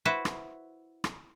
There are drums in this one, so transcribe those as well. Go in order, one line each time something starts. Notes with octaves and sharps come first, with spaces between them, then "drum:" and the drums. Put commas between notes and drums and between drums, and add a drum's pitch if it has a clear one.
E4 F#4 B4 C5
drum: rim click
drum: rim click